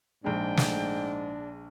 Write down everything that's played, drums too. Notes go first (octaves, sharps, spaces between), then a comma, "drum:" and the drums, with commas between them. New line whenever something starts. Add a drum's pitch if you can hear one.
A#1 G#2 G#3 D4 G5
drum: snare